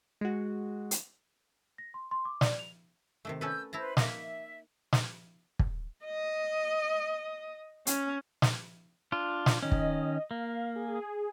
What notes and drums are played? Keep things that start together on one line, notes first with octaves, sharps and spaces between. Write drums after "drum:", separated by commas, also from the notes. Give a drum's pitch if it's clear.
G#3 F#4
drum: hi-hat
A#6
C6
C6
D6
D5, drum: snare
F7
C3 D#3 A3
C#4 A4 B4 E6 G6
E4 B4 C5 A5 A#5
A#3 D#4 E5, drum: snare
drum: snare
drum: kick
D#5
C#4, drum: hi-hat
drum: snare
D4 F4
drum: snare
D#3 C#4 D#5
drum: kick
A#3 F5
G#4